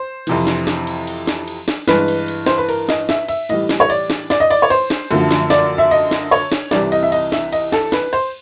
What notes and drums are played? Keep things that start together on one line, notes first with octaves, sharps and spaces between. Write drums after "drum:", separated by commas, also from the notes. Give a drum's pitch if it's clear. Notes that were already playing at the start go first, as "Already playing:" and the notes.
Already playing: C5
F2 C3 E3, drum: cymbal
drum: snare
drum: snare
drum: cymbal
drum: cymbal
drum: snare
drum: cymbal
drum: snare
G2 E3 G#3 B4, drum: snare
drum: cymbal
drum: cymbal
C5, drum: snare
B4
A#4, drum: cymbal
D#5, drum: snare
E5, drum: snare
E5, drum: cymbal
A2 E3 G3 D#5, drum: cymbal
drum: snare
C#5
D5, drum: cymbal
drum: snare
D5, drum: snare
D#5
D5, drum: cymbal
C#5
C5, drum: cymbal
drum: snare
F#2 D3 F3 A3, drum: cymbal
drum: snare
D5, drum: snare
E5
D#5, drum: cymbal
drum: snare
C#5, drum: cymbal
drum: snare
C2 C3 E3 G3 D5, drum: snare
D#5, drum: cymbal
E5
D#5, drum: cymbal
E5, drum: snare
D#5, drum: cymbal
A4, drum: snare
B4, drum: snare
C5, drum: cymbal